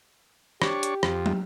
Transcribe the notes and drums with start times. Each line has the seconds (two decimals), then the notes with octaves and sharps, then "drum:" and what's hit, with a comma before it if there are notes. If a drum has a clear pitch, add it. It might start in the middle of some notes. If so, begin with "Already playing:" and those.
0.62 D4 G4 C#5, drum: rim click
0.83 drum: hi-hat
1.03 F2, drum: rim click
1.26 drum: tom